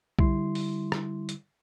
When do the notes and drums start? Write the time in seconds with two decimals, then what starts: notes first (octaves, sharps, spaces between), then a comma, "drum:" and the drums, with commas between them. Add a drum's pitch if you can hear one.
0.19 D3 G3 E4 C6, drum: kick B1
0.55 drum: open hi-hat
0.92 drum: rim click
1.29 drum: hi-hat